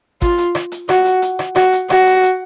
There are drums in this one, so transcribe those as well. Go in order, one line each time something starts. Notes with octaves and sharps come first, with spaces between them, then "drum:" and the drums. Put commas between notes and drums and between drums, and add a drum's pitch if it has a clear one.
F4, drum: kick, hi-hat
drum: hi-hat
drum: rim click
drum: hi-hat
F#4, drum: rim click
drum: hi-hat
drum: hi-hat
drum: rim click
F#4, drum: rim click
drum: hi-hat
F#4, drum: rim click
drum: hi-hat
drum: hi-hat